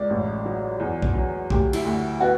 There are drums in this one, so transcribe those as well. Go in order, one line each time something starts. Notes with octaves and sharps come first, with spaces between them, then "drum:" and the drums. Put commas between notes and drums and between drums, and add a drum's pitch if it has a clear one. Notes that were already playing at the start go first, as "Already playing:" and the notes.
Already playing: C#2 D5
A1
F#3
E2
drum: kick B1
F#3
D2 G4, drum: kick B1
E4, drum: cymbal
D2
B3 F#4